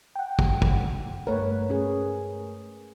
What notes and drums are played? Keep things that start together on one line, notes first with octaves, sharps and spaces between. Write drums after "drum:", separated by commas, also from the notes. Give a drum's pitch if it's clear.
F#5 G5
drum: kick
drum: kick
G2 A3 A#4 B4 C#5
C#4 G#4